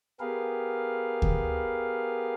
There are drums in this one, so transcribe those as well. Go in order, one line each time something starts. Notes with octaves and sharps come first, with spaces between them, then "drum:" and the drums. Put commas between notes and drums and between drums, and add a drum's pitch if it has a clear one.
B3 G4 G#4 A#4 B4 F5
drum: kick D2